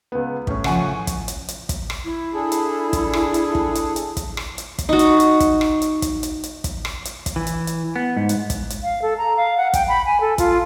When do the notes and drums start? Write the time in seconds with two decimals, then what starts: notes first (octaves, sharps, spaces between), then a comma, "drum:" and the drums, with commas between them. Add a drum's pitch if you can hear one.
0.12 C#2 B3
0.47 A2 E3 C#4, drum: kick
0.64 C#3 F3 F#5 G#5 C#6, drum: rim click
1.07 drum: kick, hi-hat
1.28 drum: hi-hat
1.48 drum: hi-hat
1.69 drum: kick, hi-hat
1.90 drum: rim click
2.05 E4
2.34 D4 G#4 A4
2.52 drum: hi-hat
2.93 drum: kick, hi-hat
3.13 drum: rim click
3.34 drum: hi-hat
3.55 drum: kick
3.75 drum: hi-hat
3.96 drum: hi-hat
4.17 drum: kick, hi-hat
4.37 drum: rim click
4.58 drum: hi-hat
4.78 drum: kick, hi-hat
4.89 D#4 F#4
4.99 drum: hi-hat
5.20 drum: hi-hat
5.40 drum: kick, hi-hat
5.61 drum: rim click
5.82 drum: hi-hat
6.02 drum: kick, hi-hat
6.23 drum: hi-hat
6.43 drum: hi-hat
6.64 drum: kick, hi-hat
6.85 drum: rim click
7.05 drum: hi-hat
7.26 drum: kick, hi-hat
7.36 E3
7.47 drum: hi-hat
7.67 drum: hi-hat
7.96 B3
8.17 G#2
8.29 drum: hi-hat
8.50 drum: kick, hi-hat
8.70 drum: hi-hat
8.83 F5
9.02 A4
9.18 A#5
9.37 F5
9.57 F#5
9.73 G5, drum: kick, hi-hat
9.88 B5
10.06 G#5
10.21 A4
10.38 F4, drum: kick, hi-hat